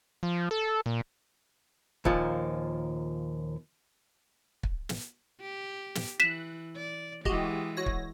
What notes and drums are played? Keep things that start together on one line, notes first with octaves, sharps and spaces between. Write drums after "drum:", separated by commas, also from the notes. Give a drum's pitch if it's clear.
F3
A4
A#2
D#2 A#2 F3, drum: kick
drum: kick
drum: snare
G4
drum: snare
E3 F#6 B6 E7
D5
E3 G#3 F#4 G4 D#5, drum: kick
F#4 C#5 A#6
drum: kick